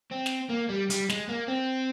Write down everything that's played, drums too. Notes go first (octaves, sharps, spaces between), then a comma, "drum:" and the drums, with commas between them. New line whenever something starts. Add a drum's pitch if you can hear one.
C4
drum: snare
A#3
G3
G3, drum: hi-hat
G#3, drum: snare
A#3
C4